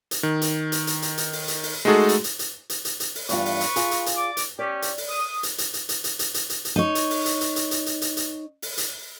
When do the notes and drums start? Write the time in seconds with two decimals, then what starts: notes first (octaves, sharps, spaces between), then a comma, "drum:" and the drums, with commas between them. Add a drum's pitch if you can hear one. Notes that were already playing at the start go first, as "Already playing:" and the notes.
0.11 drum: hi-hat
0.23 D#3
0.42 drum: hi-hat
0.72 drum: hi-hat
0.87 drum: hi-hat
1.02 drum: hi-hat
1.18 drum: hi-hat
1.33 drum: open hi-hat
1.48 drum: hi-hat
1.63 drum: open hi-hat
1.85 G#3 A3 D#4 F#4 G#4 A4
2.09 drum: hi-hat
2.24 drum: hi-hat
2.39 drum: hi-hat
2.70 drum: hi-hat
2.85 drum: hi-hat
3.00 drum: hi-hat
3.15 drum: open hi-hat
3.29 E2 G2 F4 B4 C#6, drum: hi-hat
3.46 drum: open hi-hat
3.61 drum: hi-hat
3.76 F4 G#4, drum: hi-hat
3.91 drum: hi-hat
4.06 drum: hi-hat
4.15 D5 D6
4.37 drum: hi-hat
4.59 C#4 G4 D5
4.82 drum: hi-hat
4.98 drum: open hi-hat
5.09 D#6
5.43 drum: hi-hat
5.58 drum: hi-hat
5.74 drum: hi-hat
5.89 drum: hi-hat
6.04 drum: hi-hat
6.19 drum: hi-hat
6.34 drum: hi-hat
6.50 drum: hi-hat
6.65 drum: hi-hat
6.76 D#4 C#5
6.95 drum: hi-hat
7.10 drum: open hi-hat
7.26 drum: hi-hat
7.41 drum: hi-hat
7.56 drum: hi-hat
7.71 drum: hi-hat
7.86 drum: hi-hat
8.02 drum: hi-hat
8.17 drum: hi-hat
8.62 drum: open hi-hat
8.78 drum: hi-hat